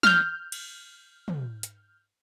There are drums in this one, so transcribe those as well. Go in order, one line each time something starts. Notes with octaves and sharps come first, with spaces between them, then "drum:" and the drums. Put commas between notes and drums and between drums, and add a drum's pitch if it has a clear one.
F6 G6, drum: snare
drum: cymbal
drum: tom
drum: hi-hat